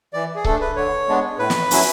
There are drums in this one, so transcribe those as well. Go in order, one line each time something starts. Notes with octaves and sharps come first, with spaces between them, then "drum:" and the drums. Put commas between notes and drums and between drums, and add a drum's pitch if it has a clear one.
E3 D5
G#4
A3 D4 A4, drum: kick C#1
B4
D3 C#5
G#3 B3 D4
A2 B4
drum: snare
F#3 C#4 E4, drum: open hi-hat